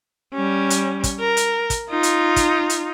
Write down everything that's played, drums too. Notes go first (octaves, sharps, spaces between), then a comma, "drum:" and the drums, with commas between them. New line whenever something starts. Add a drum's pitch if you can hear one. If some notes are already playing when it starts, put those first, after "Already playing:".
G3 C#4
drum: hi-hat
drum: kick, hi-hat
A#4
drum: hi-hat
drum: kick, hi-hat
D#4 F4
drum: hi-hat
drum: kick, hi-hat
drum: hi-hat